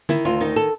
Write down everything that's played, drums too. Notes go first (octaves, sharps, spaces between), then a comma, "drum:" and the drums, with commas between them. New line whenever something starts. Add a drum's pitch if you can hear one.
D#3 E4, drum: tom
D2 F4
D#3 D#4
A4